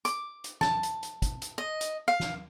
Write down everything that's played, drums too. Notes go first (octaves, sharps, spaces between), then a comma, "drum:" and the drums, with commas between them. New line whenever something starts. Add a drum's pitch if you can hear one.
D6, drum: hi-hat
drum: hi-hat
A5, drum: snare
drum: hi-hat
drum: hi-hat
drum: kick, hi-hat
drum: hi-hat
D#5
drum: hi-hat
F5
drum: snare